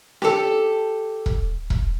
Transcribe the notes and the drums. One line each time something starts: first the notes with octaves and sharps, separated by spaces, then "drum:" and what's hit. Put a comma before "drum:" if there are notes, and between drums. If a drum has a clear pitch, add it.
G4 A4, drum: snare C#4
drum: kick E1
drum: kick E1